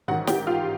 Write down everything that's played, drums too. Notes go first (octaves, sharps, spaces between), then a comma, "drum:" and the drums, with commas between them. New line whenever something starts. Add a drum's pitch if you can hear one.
A1 G#2 D#3 F#3 F#4 F#5
G4 G5, drum: snare
F4 F5